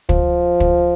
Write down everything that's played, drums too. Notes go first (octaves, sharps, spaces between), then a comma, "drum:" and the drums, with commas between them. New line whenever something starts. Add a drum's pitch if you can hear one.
F3, drum: kick
drum: kick